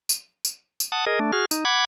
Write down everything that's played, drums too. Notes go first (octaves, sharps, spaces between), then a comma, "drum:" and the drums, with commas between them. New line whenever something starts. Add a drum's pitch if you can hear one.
drum: tambourine
drum: tambourine
drum: tambourine
F#5 A5 D#6
G#4 A#4 D#5
A3 D4
F#4 G#4 F6
D#4, drum: tambourine
F#5 B5 D6 G#6